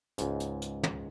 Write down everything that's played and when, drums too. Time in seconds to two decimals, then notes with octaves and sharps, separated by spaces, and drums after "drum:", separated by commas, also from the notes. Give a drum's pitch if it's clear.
0.18 C#2 G#2, drum: hi-hat
0.40 drum: hi-hat
0.62 drum: hi-hat
0.83 drum: tom